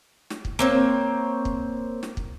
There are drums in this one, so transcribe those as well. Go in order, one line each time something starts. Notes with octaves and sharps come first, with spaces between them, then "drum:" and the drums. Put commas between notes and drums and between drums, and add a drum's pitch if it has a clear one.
drum: snare
drum: kick
A#3 C4 C#5
drum: kick
drum: snare
drum: kick